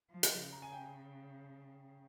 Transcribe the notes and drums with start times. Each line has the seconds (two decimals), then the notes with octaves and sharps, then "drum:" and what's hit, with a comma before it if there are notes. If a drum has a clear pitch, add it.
0.11 F3
0.23 drum: hi-hat
0.41 C#3
0.52 A#5
0.62 G#5
0.72 G5